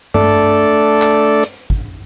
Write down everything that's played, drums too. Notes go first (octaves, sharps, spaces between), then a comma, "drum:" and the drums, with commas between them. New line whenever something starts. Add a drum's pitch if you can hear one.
A3 D4 A4 D5, drum: tom G2
drum: clap
drum: hi-hat
drum: kick